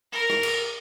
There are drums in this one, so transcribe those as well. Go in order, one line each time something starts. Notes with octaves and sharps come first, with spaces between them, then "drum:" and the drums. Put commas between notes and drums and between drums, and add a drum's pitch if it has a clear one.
A#4
drum: rim click
drum: cymbal